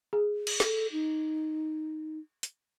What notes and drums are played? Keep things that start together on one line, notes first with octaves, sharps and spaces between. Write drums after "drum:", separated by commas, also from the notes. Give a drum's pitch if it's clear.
G#4
drum: cymbal
A4, drum: snare
D#4
drum: hi-hat